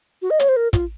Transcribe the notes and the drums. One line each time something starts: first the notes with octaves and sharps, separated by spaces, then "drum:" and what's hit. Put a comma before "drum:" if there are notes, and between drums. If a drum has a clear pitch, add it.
F#4
D#5
C#5, drum: hi-hat
C5
A#4
F4, drum: kick, hi-hat